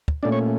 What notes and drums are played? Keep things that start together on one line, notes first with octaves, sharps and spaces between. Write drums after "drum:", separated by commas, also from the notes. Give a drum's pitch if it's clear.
drum: kick
A#2 A3 C#4 D4 D5
C#5 C#6